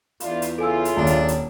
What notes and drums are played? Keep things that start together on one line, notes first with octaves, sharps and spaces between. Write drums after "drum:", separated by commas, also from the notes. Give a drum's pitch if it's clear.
E2 A3 D4 F4, drum: hi-hat
drum: hi-hat
C#3 E4 F4 A4 G#5 E6
drum: hi-hat
D#1 D4
drum: hi-hat
drum: hi-hat